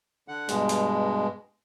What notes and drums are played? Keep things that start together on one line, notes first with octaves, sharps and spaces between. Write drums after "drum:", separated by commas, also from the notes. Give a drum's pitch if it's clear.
D3 F#5
G2 B2 G#3, drum: hi-hat
drum: hi-hat